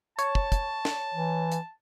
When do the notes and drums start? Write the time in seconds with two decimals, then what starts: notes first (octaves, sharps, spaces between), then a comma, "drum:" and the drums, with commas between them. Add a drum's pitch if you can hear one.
0.19 C#5 A5, drum: hi-hat
0.35 drum: kick
0.52 drum: kick, hi-hat
0.85 drum: snare
1.14 E3
1.52 drum: hi-hat